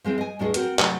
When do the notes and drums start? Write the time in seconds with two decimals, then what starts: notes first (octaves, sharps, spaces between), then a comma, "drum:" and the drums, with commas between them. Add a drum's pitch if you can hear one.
0.04 F3 G#3 C4 E4
0.18 D#5 G#5
0.39 E2 A2 G#3 D4 G#4 D#5
0.54 C4 F#4 A#4, drum: hi-hat
0.79 C3 F#3 A3, drum: clap